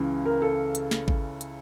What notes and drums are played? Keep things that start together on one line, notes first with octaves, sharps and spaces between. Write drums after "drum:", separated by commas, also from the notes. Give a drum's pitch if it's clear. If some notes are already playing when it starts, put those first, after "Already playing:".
Already playing: C#2 C#3 E3
A#4
A4
drum: hi-hat
drum: snare
drum: kick G#1
drum: hi-hat